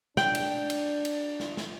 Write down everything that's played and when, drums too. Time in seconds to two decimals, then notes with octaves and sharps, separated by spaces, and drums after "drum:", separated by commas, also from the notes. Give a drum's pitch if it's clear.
0.17 D4 G5, drum: snare
0.35 drum: cymbal
0.70 drum: cymbal
1.05 drum: cymbal
1.40 drum: snare
1.57 drum: snare